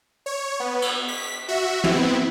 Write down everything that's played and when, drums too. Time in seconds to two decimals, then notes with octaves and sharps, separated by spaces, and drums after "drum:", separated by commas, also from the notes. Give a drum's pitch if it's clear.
0.26 C#5
0.60 B3
0.82 drum: cymbal
1.08 B6
1.48 F#4 E5
1.84 B3 C4 E4, drum: tom